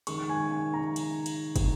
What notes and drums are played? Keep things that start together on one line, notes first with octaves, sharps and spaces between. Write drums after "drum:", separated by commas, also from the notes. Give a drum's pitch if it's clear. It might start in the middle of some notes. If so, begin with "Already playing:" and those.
D#3 G#3 C#6, drum: cymbal
G#5
G#5
A#5
drum: cymbal
drum: cymbal
drum: kick, cymbal